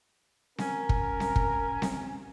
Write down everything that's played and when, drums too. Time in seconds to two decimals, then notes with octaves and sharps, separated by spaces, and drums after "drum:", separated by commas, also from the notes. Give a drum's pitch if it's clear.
0.58 C#4 A#4, drum: snare C4
0.89 drum: kick
1.20 drum: snare C4
1.36 drum: kick
1.82 drum: snare C4